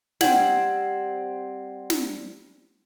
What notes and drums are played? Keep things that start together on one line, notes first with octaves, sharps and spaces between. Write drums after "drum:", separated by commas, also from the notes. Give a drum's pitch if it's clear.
G3 C4 F#5 G#6 F#7, drum: snare
drum: snare